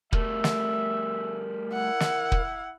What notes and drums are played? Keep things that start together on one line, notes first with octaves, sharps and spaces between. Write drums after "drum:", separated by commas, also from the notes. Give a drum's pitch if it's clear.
G3 A3 A#4 E5, drum: kick
drum: snare
E4 F#5
drum: snare
drum: kick